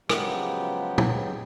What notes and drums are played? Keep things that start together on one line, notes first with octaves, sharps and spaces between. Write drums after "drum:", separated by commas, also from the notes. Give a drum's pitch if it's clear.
C#3 F3 F#3 G#3 B3 G4, drum: rim click
drum: tom